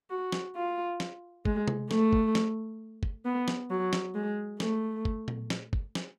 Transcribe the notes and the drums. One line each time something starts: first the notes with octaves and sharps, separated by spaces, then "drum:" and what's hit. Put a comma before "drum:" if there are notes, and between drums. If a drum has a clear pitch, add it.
F#4
drum: snare
F4
drum: snare
G#3, drum: kick
drum: tom C3
A3, drum: snare
drum: kick
drum: snare
drum: kick
B3
drum: snare
F#3
drum: snare
G#3
A3, drum: snare
drum: kick
drum: tom A#2
drum: snare
drum: kick
drum: snare